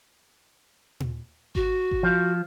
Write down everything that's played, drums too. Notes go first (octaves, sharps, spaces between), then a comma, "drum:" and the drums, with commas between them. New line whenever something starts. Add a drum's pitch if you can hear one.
drum: tom A#2
F#4, drum: kick G#1
drum: kick G#1
F3